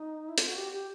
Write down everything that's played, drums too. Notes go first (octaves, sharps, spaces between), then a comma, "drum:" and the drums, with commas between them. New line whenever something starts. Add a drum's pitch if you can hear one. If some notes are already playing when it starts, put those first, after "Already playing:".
Already playing: D#4
E4
F4, drum: hi-hat
F#4
G4
G4